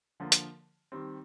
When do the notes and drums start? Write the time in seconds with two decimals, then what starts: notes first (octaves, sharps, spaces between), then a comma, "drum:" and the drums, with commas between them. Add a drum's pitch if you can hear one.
0.20 D3 F3 A#3
0.32 drum: hi-hat
0.92 D#3 G3 C4